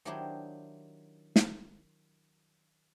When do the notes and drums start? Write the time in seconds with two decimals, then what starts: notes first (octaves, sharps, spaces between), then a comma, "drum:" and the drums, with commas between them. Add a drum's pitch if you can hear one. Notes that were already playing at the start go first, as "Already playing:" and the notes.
0.05 D#3 F#3 D4 E4 G4 C5
1.36 drum: snare